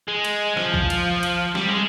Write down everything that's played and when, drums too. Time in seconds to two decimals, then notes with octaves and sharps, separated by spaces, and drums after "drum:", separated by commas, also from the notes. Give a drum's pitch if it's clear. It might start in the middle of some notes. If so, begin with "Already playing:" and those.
0.08 G#3
0.25 drum: cymbal
0.57 F3, drum: snare
0.74 drum: kick B1
0.90 drum: cymbal
1.23 drum: cymbal
1.55 G3, drum: snare
1.68 G#3